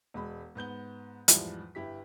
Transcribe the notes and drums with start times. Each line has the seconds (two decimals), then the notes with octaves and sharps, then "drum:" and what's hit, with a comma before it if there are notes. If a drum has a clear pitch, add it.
0.14 E1 G#3 B5
0.55 G#2 B3 G6 G7
1.28 E2 G#2 F3 G3 E4, drum: hi-hat
1.75 G1 E4 G4 B6